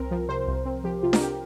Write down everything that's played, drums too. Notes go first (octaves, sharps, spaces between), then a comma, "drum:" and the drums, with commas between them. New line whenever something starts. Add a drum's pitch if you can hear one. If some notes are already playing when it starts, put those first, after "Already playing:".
Already playing: C2 C4 A#4
F3
C3 C5
C2
C4
F3 G4
C3 F4
A#4, drum: snare D4
G4